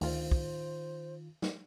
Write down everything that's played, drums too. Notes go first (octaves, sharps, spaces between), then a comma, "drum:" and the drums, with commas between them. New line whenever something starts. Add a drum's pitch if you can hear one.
D2 D#3 F4 C5, drum: open hi-hat
drum: kick
drum: snare